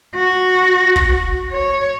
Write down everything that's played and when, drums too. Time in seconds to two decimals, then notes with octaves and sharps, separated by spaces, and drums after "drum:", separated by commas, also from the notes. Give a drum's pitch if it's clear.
0.16 F#4
0.96 drum: kick
1.52 C#5